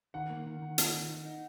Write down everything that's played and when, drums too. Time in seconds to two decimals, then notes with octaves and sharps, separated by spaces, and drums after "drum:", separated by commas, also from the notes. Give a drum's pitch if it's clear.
0.14 D#3 F#5
0.30 A#3
0.46 D#3
0.62 D#3
0.78 A#3, drum: hi-hat
0.94 D#3
1.09 D#4
1.25 D#4